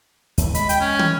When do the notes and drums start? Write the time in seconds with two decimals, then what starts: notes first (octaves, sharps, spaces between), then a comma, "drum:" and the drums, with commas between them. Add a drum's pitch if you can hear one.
0.38 D#2 E3, drum: hi-hat
0.54 G#3 B5, drum: hi-hat
0.69 G5, drum: hi-hat
0.80 C#4
0.99 drum: tom